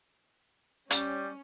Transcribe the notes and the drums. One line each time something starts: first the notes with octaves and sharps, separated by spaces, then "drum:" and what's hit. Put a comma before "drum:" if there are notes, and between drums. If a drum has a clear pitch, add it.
G3 C#4, drum: hi-hat